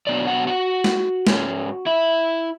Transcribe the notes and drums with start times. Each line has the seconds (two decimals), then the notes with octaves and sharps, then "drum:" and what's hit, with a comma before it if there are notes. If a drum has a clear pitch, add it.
0.07 B2 F#3 B3 D4 D5
0.27 F#4 F#5
0.47 F#4 F#5
0.84 drum: snare
1.27 G#2 G#3 C#4, drum: snare
1.86 E4 E5